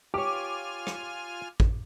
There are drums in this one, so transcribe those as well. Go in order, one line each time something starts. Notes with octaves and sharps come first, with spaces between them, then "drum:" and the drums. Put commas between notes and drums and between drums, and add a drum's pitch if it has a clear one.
F4 G4 C#5 G#5 D6 F6
drum: rim click
drum: kick